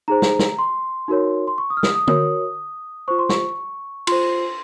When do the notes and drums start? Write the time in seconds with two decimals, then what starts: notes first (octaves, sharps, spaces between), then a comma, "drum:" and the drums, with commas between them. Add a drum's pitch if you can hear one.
0.08 D#4 G#4 C5 A#5
0.22 drum: snare
0.39 drum: snare
0.59 C6
1.08 D#4 F#4 A#4 C#5
1.47 C6
1.58 C#6
1.70 D#6
1.77 F6
1.83 D#6, drum: snare
1.95 D#6
2.07 F#4 A#4 C#5 D#6, drum: tom
3.08 F4 C5 C#6
3.19 C6
3.29 C#6, drum: snare
4.07 F4 C5 C6, drum: cymbal